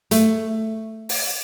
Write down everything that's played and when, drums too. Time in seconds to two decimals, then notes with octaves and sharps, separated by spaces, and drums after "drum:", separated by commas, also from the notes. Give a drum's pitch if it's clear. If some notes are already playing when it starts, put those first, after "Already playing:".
0.11 A3, drum: hi-hat
1.09 drum: open hi-hat